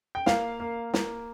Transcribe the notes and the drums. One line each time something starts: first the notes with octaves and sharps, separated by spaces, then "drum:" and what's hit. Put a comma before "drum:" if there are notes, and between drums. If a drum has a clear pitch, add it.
G5
A#3 F5, drum: snare
A#3
A#3, drum: snare